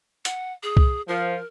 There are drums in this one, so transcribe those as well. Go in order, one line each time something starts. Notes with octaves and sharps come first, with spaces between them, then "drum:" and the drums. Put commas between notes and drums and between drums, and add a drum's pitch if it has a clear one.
F#5, drum: hi-hat
G#4
drum: kick C2
F3 A#4